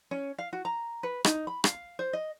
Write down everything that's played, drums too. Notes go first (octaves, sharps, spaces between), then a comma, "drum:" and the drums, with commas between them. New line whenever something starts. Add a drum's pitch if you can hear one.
C#4
F5
F#4
A#5
B4
D#4, drum: rim click
B5
F5, drum: rim click
C5
D#5